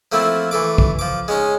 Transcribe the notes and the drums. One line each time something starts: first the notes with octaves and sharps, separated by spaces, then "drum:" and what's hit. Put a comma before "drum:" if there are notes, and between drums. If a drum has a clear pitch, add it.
F3 A3 A#3 C4 E4
E3 A3 D6
drum: kick
F3 D6
G#3 C#4 D#4